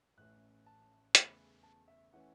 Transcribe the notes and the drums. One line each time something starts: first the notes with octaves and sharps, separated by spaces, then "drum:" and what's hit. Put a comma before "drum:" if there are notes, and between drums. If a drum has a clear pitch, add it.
A1 A2 A3 C#4 F#6
A5
E2 C#3 A3 B5, drum: hi-hat
A5
E5
E3 A3 C#4 F#5